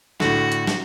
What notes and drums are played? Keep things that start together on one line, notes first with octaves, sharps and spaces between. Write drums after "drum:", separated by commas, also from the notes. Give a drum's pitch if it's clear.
A2 D3 F#4, drum: snare
drum: hi-hat
drum: snare